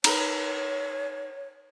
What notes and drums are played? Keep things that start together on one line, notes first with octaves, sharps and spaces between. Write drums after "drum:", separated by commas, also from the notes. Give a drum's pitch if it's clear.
D#4 A#4 B4 C#5, drum: cymbal